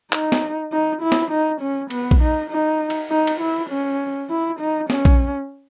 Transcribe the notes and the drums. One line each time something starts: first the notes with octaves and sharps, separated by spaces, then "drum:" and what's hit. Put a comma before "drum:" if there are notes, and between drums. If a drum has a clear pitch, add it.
D#4, drum: clap
drum: snare
D#4
E4
drum: snare
D#4
C#4
B3, drum: cymbal
drum: kick A#1
D#4
D#4
drum: cymbal
D#4
drum: cymbal
E4
C#4
E4
D#4
C#4, drum: snare
drum: kick A#1